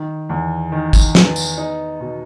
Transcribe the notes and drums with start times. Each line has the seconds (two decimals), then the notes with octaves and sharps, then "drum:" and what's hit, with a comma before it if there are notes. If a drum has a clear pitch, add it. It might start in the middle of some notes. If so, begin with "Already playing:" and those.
Already playing: D#3
0.29 E2
0.72 D#3
0.93 drum: kick, tambourine
1.15 B3, drum: snare
1.36 drum: tambourine
1.57 D#4
2.00 B2